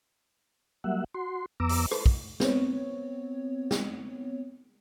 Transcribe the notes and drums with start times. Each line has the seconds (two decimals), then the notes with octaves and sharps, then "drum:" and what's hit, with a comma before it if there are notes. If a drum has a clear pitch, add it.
0.84 F#3 G3 A#3 E5 F#5
1.14 F#4 C6
1.60 F2 B3 A#5 D6 E6
1.69 drum: open hi-hat
1.91 A4 B4 C5, drum: rim click
2.06 drum: kick
2.40 B3 C4 C#5, drum: snare
3.71 drum: snare